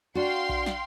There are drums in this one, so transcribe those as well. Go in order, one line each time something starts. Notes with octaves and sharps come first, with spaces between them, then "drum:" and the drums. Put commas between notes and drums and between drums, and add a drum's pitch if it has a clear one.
D4 F#4 F5 G5 C6
drum: kick A#1
drum: snare